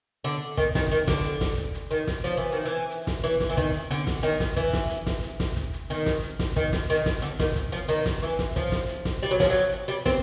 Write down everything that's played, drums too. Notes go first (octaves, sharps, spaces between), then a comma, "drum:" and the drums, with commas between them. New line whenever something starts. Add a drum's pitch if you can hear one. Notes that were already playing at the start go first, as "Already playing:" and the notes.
D3
D#3, drum: kick, hi-hat
D#3, drum: snare
D#3, drum: hi-hat
D3, drum: snare
drum: hi-hat
drum: snare
drum: kick, hi-hat
drum: hi-hat
D#3, drum: hi-hat
drum: snare
F3, drum: hi-hat
E3
D#3
E3
drum: hi-hat
drum: snare
E3, drum: hi-hat
drum: snare
E3
D#3, drum: kick, hi-hat
drum: hi-hat
D3, drum: hi-hat
drum: snare
D#3, drum: hi-hat
drum: snare
E3, drum: kick, hi-hat
drum: snare
drum: hi-hat
drum: snare
drum: hi-hat
drum: snare
drum: kick, hi-hat
drum: hi-hat
D#3, drum: hi-hat
drum: snare
drum: hi-hat
drum: snare
D#3, drum: kick, hi-hat
drum: snare
D#3, drum: hi-hat
drum: snare
D3, drum: hi-hat
D#3, drum: snare
drum: kick, hi-hat
F3, drum: hi-hat
D#3, drum: hi-hat
drum: snare
E3, drum: hi-hat
drum: snare
F3, drum: kick, hi-hat
drum: snare
drum: hi-hat
drum: snare
G3, drum: hi-hat
F#3
F3, drum: snare
F#3
drum: hi-hat
G3, drum: hi-hat
C4, drum: snare